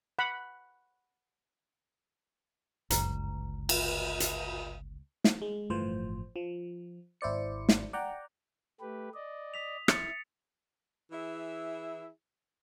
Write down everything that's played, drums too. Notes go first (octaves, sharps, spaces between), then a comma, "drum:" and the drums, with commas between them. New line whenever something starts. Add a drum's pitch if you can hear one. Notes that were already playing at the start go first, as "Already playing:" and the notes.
F#5 B5
G1 C#2 F#2 B4 A#5, drum: hi-hat
drum: cymbal
drum: hi-hat
drum: snare
G#3
G1 A2 E3 F3 C5
F3
G#1 E4 C5 D5 C#7
drum: snare
D5 F#5 G5 A#5
A3 G4 B4
D5 D#5
D#6 B6 F7
E4 A6 C#7, drum: rim click
E3 E4 G#4 E5